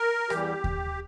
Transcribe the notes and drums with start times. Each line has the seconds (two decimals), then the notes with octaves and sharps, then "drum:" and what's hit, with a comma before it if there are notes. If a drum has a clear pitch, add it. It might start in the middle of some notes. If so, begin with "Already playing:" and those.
Already playing: A#4
0.30 E2 E3 G3 G4, drum: rim click
0.64 drum: kick D#2